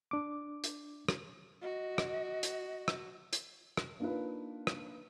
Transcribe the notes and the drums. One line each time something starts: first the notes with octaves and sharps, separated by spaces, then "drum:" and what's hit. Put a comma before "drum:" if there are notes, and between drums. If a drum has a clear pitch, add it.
D4 D6
drum: hi-hat
drum: rim click
F#4 D#5
drum: rim click
drum: hi-hat
drum: rim click
drum: hi-hat
drum: rim click
A#3 D4 D#4 F4 B4
drum: rim click